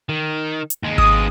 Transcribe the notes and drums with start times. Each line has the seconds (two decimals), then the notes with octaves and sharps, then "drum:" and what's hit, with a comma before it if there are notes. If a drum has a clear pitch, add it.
0.09 D#3
0.70 drum: hi-hat
0.83 D#2 G#3
0.98 D#6, drum: kick G#1